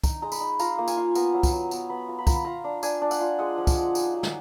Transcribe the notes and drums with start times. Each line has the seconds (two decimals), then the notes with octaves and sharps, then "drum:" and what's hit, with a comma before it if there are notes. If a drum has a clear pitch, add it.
0.04 D#4 A#5, drum: kick, tambourine
0.22 G#3 A#5
0.32 B5, drum: tambourine
0.41 D#4
0.59 F4 A#5, drum: tambourine
0.78 A#3
0.88 G#5, drum: tambourine
0.97 F4
1.15 B3 A#5, drum: tambourine
1.34 F#3
1.43 drum: kick, tambourine
1.53 F#3
1.71 B3 A#5, drum: tambourine
1.89 B3 B5
2.08 F4 A#5
2.18 B5
2.27 F4 A#5, drum: kick, tambourine
2.36 B5
2.45 F4 A#5
2.64 D4
2.83 D4 G#5, drum: tambourine
3.01 D4
3.11 F#5, drum: tambourine
3.20 F4
3.39 G#3 F#5
3.57 F3
3.67 drum: kick, tambourine
3.76 G#3
3.95 D#4 G#5, drum: tambourine
4.14 F#3 F#5
4.23 drum: snare